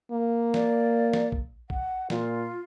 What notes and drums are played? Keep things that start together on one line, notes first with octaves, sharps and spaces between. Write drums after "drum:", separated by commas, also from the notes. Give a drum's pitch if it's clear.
A#3
D5, drum: snare
drum: snare
drum: kick A#1
F#5, drum: kick A#1
A#2 F4, drum: snare